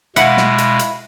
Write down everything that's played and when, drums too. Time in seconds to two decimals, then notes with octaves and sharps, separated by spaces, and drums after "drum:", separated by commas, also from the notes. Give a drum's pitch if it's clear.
0.16 B2 G#3 E4 B4 F5 F#5, drum: hi-hat
0.37 drum: snare
0.58 drum: hi-hat
0.79 drum: hi-hat